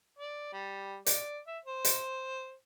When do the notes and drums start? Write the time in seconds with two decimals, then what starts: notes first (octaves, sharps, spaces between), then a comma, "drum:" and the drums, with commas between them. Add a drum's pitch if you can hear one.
0.18 D5
0.53 G3
1.06 D5, drum: hi-hat
1.47 E5
1.65 C5
1.85 drum: hi-hat